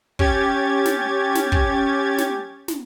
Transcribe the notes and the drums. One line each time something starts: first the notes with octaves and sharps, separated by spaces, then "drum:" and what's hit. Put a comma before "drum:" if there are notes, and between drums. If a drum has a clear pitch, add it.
C#4 G4 G#6 A6, drum: kick
drum: snare
drum: snare
drum: kick
drum: snare
drum: snare